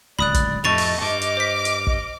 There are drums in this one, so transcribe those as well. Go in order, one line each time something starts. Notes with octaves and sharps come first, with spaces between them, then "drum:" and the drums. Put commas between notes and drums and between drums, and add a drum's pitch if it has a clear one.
D1 C#2 D5 B5 D#6 F#6
drum: kick, hi-hat
F2 A2 C3 A3 D#5 C#6 A6 F7
drum: open hi-hat
G2 D6 F6
drum: hi-hat
C5 B6
drum: hi-hat
D#5, drum: kick